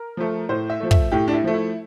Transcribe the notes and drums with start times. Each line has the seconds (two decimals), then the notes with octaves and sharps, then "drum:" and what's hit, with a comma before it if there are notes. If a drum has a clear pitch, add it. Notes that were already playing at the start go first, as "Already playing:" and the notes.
Already playing: A#4
0.17 F3 A3
0.49 A2 C5
0.70 E5
0.80 F3 A3
0.91 E5, drum: kick
1.12 A2 G4
1.28 D4
1.33 E4
1.44 F3 A3
1.54 E4